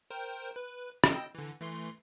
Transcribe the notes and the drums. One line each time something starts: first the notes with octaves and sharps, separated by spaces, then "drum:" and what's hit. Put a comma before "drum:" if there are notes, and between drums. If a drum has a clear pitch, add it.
A#4 C5 G5
B4
D#5 G5 E6, drum: rim click
D3 E3
E3 A3 C6